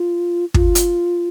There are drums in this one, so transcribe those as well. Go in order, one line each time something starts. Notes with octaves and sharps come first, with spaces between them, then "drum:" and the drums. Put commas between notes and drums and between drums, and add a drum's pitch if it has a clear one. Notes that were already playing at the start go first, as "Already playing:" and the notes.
Already playing: F4
F4, drum: kick
drum: hi-hat